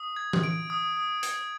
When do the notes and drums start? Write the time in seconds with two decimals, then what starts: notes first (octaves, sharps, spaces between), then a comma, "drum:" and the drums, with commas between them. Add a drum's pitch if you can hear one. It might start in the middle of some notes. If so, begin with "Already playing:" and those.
Already playing: D#6
0.16 G#6
0.33 drum: tom E3
0.43 D7
0.70 D#6
0.97 D#6
1.23 G#6, drum: hi-hat